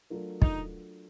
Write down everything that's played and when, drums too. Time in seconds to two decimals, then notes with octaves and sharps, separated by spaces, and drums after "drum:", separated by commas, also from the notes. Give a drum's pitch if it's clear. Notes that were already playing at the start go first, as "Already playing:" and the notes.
0.10 F#3 A3 D4 F4 A#4
0.42 D#4, drum: kick